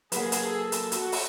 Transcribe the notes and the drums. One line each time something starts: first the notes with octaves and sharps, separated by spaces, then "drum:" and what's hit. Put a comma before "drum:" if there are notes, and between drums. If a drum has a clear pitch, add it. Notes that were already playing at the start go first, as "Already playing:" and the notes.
F#3 A#3 G#4 B4 C#5 F#5, drum: hi-hat
drum: hi-hat
A4
drum: hi-hat
F#4, drum: hi-hat
drum: open hi-hat